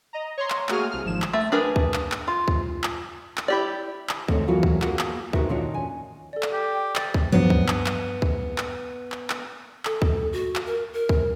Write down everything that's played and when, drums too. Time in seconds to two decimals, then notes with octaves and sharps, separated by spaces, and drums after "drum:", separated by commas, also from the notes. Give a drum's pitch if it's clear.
0.13 D#5 A#5
0.38 C#5 A#5 C6
0.50 drum: clap
0.69 A3 A#3 F#4 G#4 F6 D#7, drum: clap
0.91 C2 F6
1.05 G#1 F3 E7
1.22 drum: clap
1.33 A3
1.52 D4 G#4 A#4 B4
1.76 drum: kick C#2
1.94 drum: clap
2.12 drum: clap
2.28 F4
2.48 drum: kick C#2
2.84 drum: clap
3.37 drum: clap
3.48 E4 G4 D5
4.09 drum: clap
4.28 D2 D#3 A3 C4 C#4, drum: kick C#2
4.47 E3 F#3 B3 F4 F#4 A#4
4.63 drum: kick C#2
4.82 A#3 B3 F4 F#4 G#4 A#4, drum: clap
4.99 drum: clap
5.33 C3 D#4 F#4 A#4 B4 E5, drum: kick C#2
5.49 A#2 D#3 C#4 D4 F4 F#4
5.74 G#5
6.33 A4 D5
6.43 drum: clap
6.53 G4
6.75 G5
6.96 A6, drum: clap
7.14 drum: kick C#2
7.32 G2 F3 F#3 B3
7.50 drum: kick C#2
7.68 drum: clap
7.86 drum: clap
8.22 drum: kick C#2
8.58 drum: clap
9.12 drum: clap
9.30 drum: clap
9.85 A4, drum: clap
10.02 drum: kick C#2
10.33 F#4
10.56 drum: clap
10.66 A#4
10.93 A#4
11.09 drum: kick C#2